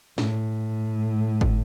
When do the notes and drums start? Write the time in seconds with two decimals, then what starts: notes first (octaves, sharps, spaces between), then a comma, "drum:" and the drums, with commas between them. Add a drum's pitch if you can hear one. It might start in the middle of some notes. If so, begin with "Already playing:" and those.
0.18 A2, drum: snare
1.41 drum: kick